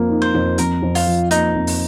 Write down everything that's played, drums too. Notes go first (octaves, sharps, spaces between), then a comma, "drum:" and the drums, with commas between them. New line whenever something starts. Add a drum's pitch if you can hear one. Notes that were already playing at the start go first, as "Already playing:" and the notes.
Already playing: F2 F3 A#3
D#4
C5
F2
F2 A#4, drum: hi-hat
F2
F4, drum: open hi-hat
F3
A#3 D#4, drum: hi-hat
F2
drum: open hi-hat